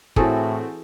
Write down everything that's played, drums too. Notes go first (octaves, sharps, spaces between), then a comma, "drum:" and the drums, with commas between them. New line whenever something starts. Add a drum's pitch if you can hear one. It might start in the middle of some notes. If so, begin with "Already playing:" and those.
A2 E3 A3 C4 F#4 G#4 A4, drum: kick